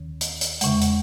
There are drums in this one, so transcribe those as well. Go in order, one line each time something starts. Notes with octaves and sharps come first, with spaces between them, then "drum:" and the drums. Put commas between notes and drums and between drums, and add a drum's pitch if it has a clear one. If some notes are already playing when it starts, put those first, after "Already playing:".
Already playing: D#2 D#3
drum: hi-hat
drum: hi-hat
E2 C#3 G#3, drum: hi-hat
drum: hi-hat